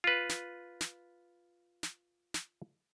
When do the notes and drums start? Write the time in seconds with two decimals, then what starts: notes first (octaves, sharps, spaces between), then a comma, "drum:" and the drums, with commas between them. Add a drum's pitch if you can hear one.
0.04 F4 B4
0.30 drum: snare
0.81 drum: snare
1.83 drum: snare
2.34 drum: snare